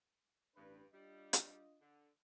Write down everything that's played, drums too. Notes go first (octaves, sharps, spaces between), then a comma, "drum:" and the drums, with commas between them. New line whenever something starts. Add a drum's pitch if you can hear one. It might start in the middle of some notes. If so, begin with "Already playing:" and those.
A1 G2 D4 B4
G3 D4 F4 D#5
drum: hi-hat
D3